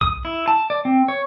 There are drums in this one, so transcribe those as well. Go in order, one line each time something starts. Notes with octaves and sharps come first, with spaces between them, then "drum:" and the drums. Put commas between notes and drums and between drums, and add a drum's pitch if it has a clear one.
D#6, drum: kick
E4
A5
D5
C4
C#5